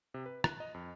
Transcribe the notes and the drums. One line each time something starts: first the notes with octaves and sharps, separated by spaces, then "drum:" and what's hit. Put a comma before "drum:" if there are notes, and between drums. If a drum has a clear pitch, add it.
C3
B4
F#6, drum: rim click
D#5
F2